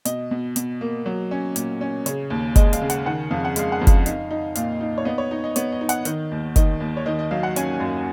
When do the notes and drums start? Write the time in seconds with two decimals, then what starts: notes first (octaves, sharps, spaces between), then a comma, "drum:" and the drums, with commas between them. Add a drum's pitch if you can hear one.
0.05 B2 D#5, drum: hi-hat
0.31 B2
0.56 B2, drum: hi-hat
0.81 A#3
1.06 F#3
1.31 C#4
1.56 A#2, drum: hi-hat
1.81 C#4
2.06 C#3 C#5, drum: hi-hat
2.30 D#2
2.56 G#3 D#5, drum: kick F#1, hi-hat
2.73 F5, drum: hi-hat
2.82 C#3
2.90 F#5, drum: hi-hat
3.06 D#3 F#5
3.31 F2 F5
3.45 F#5
3.56 G#3 F5, drum: hi-hat
3.72 F#5
3.81 F2
3.87 F5, drum: kick F#1, hi-hat
4.06 D#4, drum: hi-hat
4.31 D#4
4.55 A#2 F5, drum: hi-hat
4.81 D#4
4.98 C#5
5.05 B3 D#5
5.18 C#5
5.31 D#4 D#5
5.44 D#5
5.56 B3 C#5, drum: hi-hat
5.72 D#5
5.81 D#4
5.89 F#5, drum: hi-hat
6.05 D#3 D#5, drum: hi-hat
6.31 D#2
6.56 D#3 D#5, drum: kick F#1, hi-hat
6.80 D#2
6.97 C#5
7.06 D#3 D#5
7.19 D#5
7.31 F#3 F5
7.43 F#5
7.56 C#4 G#5, drum: hi-hat
7.80 F#2